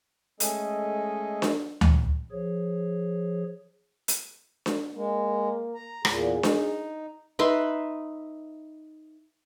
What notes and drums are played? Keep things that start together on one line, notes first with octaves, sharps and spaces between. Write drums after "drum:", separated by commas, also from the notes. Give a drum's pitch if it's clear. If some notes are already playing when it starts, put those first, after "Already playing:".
G#3 A3 C#4 G#4 A4 D#5, drum: hi-hat
drum: snare D4
drum: tom D2
F3 G#4 C#5
drum: hi-hat
drum: snare D4
G#3 A#3
A#5
E2 A#2 G#4, drum: rim click
D#4, drum: snare D4
D#4 B4 E5 C6